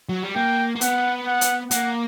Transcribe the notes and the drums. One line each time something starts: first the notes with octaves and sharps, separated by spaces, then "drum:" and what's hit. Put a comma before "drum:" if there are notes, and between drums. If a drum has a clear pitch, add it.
F#3
G3
A#3 G5
A#3
B3 F#5, drum: hi-hat
F#5
drum: hi-hat
A#3 F#5, drum: hi-hat